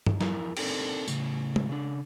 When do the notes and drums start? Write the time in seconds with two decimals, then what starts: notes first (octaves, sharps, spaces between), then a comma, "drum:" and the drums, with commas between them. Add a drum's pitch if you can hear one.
0.06 drum: tom
0.21 E2 F3 E4 F4 A#4, drum: snare
0.57 C4 D4 D#4 A4 A#4 G5, drum: cymbal
1.08 A2 C#3, drum: tambourine
1.56 drum: tom
1.69 C#3 D4